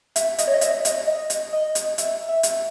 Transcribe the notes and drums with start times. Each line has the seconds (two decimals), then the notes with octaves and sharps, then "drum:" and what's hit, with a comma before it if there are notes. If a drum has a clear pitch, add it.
0.16 E5, drum: hi-hat
0.38 D#5, drum: hi-hat
0.47 C#5
0.54 D#5
0.61 E5, drum: hi-hat
0.85 D#5, drum: hi-hat
1.07 D#5
1.30 drum: hi-hat
1.53 D#5
1.75 drum: hi-hat
1.98 E5, drum: hi-hat
2.29 E5
2.43 drum: hi-hat